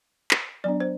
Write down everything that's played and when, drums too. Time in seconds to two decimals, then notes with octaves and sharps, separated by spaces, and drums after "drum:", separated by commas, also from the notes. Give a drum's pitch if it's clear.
0.31 drum: clap
0.64 F#3 B3 D4 D5
0.80 C5